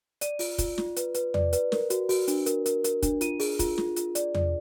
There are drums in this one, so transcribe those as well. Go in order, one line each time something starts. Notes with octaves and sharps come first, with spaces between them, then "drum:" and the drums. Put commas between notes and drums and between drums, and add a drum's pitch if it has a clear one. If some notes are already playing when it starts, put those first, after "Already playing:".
D5 D#7, drum: hi-hat
F4, drum: open hi-hat
F4, drum: kick, hi-hat
F4, drum: snare
B4, drum: hi-hat
B4, drum: hi-hat
D5, drum: tom E2
B4, drum: hi-hat
A#4, drum: snare
F#4, drum: hi-hat
F#4, drum: open hi-hat
D4, drum: hi-hat
A#4, drum: hi-hat
A#4, drum: hi-hat
A#4, drum: hi-hat
D4, drum: kick, hi-hat
F4 D#7, drum: hi-hat
G#4, drum: open hi-hat
F4, drum: kick, hi-hat
F4, drum: snare
F4, drum: hi-hat
D5, drum: hi-hat
D5, drum: tom E2